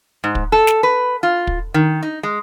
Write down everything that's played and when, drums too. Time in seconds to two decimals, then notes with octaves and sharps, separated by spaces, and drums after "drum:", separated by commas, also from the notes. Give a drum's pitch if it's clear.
0.24 G#2
0.35 drum: kick
0.52 A4
0.67 drum: snare
0.83 B4
1.23 F4
1.47 drum: kick
1.74 D#3
2.03 D#4
2.23 G#3